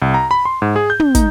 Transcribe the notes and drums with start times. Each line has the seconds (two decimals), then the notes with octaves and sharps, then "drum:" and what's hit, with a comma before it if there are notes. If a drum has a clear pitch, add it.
0.02 C2
0.14 A#5
0.31 B5
0.45 C6
0.62 G#2
0.76 G#4
0.90 G6
1.00 drum: tom
1.15 D#4, drum: kick, hi-hat